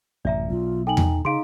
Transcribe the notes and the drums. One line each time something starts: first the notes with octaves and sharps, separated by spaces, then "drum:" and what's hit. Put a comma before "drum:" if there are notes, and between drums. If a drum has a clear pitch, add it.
A1 F#2 C3 D5 E5 A#5
B1 F4
D#4 A4 G5 G#5 F#7
drum: tom E2
C#3 D#4 G#4 F5 C6 D7